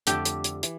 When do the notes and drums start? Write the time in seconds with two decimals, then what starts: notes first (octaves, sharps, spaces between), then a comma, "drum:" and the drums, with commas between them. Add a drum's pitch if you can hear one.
0.07 F2 D3 A3 D4 G4 A4, drum: hi-hat
0.25 drum: hi-hat
0.44 drum: hi-hat
0.63 E3, drum: hi-hat